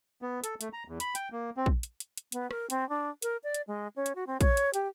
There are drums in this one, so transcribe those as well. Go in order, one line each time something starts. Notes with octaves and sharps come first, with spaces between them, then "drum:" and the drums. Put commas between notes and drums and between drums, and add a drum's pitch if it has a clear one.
B3
A4, drum: hi-hat
A3, drum: hi-hat
A#5
E2
B5, drum: hi-hat
G5, drum: hi-hat
A#3
C4
drum: kick A#1
drum: hi-hat
drum: hi-hat
drum: hi-hat
B3, drum: hi-hat
A#4, drum: rim click
C4, drum: hi-hat
D4
A#4, drum: hi-hat
D5
drum: hi-hat
G#3
C#4
drum: hi-hat
F#4
C4
C#5, drum: kick A#1, hi-hat
drum: hi-hat
G4, drum: hi-hat